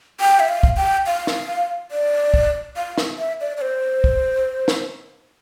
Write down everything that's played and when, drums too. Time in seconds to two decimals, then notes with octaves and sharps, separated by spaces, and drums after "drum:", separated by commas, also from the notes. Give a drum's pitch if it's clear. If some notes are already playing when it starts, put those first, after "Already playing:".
0.21 G5
0.40 E5
0.49 F5
0.63 drum: kick
0.77 G5
1.06 F5
1.27 drum: snare
1.91 D5
2.34 drum: kick
2.77 F5
2.98 drum: snare
3.18 E5
3.41 D5
3.57 D5
3.61 C5
4.04 drum: kick
4.68 drum: snare